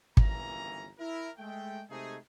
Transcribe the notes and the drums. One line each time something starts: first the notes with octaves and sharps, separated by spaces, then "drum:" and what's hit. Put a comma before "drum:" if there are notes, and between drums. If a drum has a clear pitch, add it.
G1 C#2 E3 A#3 C#4 A#5, drum: kick
E4 A#4
G#3 A3 G5
C3 G#3 A3 D#4 G#4